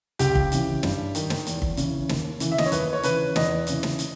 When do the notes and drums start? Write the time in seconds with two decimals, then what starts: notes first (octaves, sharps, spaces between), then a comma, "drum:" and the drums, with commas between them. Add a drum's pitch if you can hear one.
0.19 C#2 G4, drum: hi-hat
0.35 drum: kick
0.52 C#3 E3, drum: hi-hat
0.83 G2, drum: snare
1.15 D#3, drum: hi-hat
1.30 drum: snare
1.47 E2, drum: hi-hat
1.62 drum: kick
1.77 C#3 E3, drum: hi-hat
2.09 D#2, drum: snare
2.40 C#3 E3, drum: hi-hat
2.51 E5
2.58 D#5, drum: snare
2.66 C#5
2.72 D#2 B4, drum: hi-hat
2.93 C#5
3.03 C#3 E3 B4, drum: hi-hat
3.36 E2 D#5, drum: snare
3.67 C#3 E3, drum: hi-hat
3.83 drum: snare
3.99 drum: hi-hat